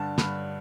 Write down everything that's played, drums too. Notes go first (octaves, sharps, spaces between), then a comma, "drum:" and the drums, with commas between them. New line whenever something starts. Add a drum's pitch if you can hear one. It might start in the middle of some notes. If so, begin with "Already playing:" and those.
Already playing: G2 D3 A5
G2 D3 B5, drum: snare